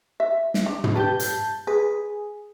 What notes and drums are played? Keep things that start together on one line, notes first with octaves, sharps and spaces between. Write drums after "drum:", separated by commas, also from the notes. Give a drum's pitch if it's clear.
E5
drum: snare
D4
drum: tom
G4 B4 A5 G6
drum: hi-hat
G#4 B4